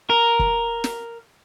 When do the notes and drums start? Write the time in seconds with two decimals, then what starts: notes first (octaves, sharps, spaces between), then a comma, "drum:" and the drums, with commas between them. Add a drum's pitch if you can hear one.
0.10 A#4
0.39 drum: kick
0.84 drum: snare